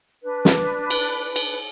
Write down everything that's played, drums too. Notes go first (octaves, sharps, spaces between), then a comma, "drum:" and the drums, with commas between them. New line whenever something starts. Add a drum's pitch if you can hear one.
D4 B4
drum: snare
drum: cymbal
drum: cymbal